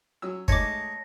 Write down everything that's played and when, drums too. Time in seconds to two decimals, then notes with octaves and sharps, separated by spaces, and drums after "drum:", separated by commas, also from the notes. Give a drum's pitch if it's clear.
0.22 F#3 C#4 E6
0.48 G#3 A3 D#4 C#5 D#5 A5 D6 A#6, drum: kick